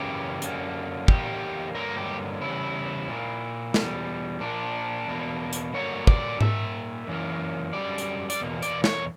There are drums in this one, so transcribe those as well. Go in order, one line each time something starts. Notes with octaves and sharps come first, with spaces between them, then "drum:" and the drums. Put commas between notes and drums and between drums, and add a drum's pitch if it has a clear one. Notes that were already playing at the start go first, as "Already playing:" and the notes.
Already playing: F#2 C#3 E3 A#3 G4
F#2 D3 A#3, drum: hi-hat
E2 D3 G3 A#3 G4, drum: kick
G2 D3 F#3 A#3 A#4
G4
E2 C#3 G3 E4
A#2 A#3
E2 B2 G3, drum: snare
A#2 A#3 D4
E2 B2 A#3
drum: hi-hat
G2 D3 F#3 A#3 C#5
D5, drum: kick
A#2 A#3 E5, drum: tom G#2
F#2 E3 A#3
F#2 D3 G3 D5
drum: hi-hat
D5, drum: hi-hat
E2 B2 A#3
D5, drum: hi-hat
C#5, drum: snare